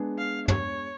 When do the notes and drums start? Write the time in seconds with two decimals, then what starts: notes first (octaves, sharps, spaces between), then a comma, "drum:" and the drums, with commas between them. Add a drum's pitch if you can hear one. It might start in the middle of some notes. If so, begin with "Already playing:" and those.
Already playing: G#3 B3 D4 G#4
0.18 F5
0.48 C#5, drum: tom